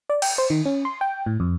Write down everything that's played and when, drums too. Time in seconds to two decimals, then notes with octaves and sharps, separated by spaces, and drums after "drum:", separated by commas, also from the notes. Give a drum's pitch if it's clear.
0.09 D5
0.22 G5, drum: cymbal
0.38 C5
0.50 D#3
0.65 C#4
0.85 C6
1.01 G5
1.26 A2
1.40 F2